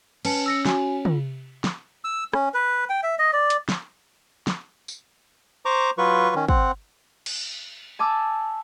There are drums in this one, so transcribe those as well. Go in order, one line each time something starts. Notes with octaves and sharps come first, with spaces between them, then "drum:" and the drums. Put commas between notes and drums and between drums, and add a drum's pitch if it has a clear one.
C#4 B4 A5 C#7, drum: cymbal
E6 A#6 C#7
F#4 G#5, drum: snare
F4, drum: tom
drum: snare
E6
C#4, drum: rim click
B4
G5
E5
D#5
D5
drum: hi-hat
drum: snare
drum: snare
drum: tambourine
C5 A#5 C#6 D6
F#3 F4 B4 C#6
D#3 C#4
C4 F#5, drum: kick
drum: cymbal
G#5 A5 D6 E6